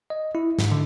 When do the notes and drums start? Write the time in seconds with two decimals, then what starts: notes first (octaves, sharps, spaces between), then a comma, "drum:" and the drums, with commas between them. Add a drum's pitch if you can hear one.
0.10 D#5
0.35 E4
0.59 G#2, drum: snare
0.71 D3